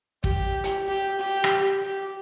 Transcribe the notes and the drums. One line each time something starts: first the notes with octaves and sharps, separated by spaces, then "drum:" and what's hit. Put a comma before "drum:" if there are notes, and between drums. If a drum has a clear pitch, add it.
G4, drum: kick
drum: hi-hat
G4
G4
drum: rim click
G4